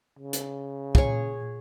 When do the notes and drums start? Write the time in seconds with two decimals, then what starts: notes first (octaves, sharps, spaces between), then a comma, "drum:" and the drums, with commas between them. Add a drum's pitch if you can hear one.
0.19 C#3
0.33 drum: hi-hat
0.95 A#2 G#4 C#5, drum: kick